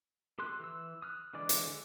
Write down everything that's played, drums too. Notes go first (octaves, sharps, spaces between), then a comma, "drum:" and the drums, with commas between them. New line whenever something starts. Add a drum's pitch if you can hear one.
G4 A4 C6 F#6
E3 E6
D#6 F6 F#6
D3 E3 G#3 D5 D6
drum: hi-hat
A4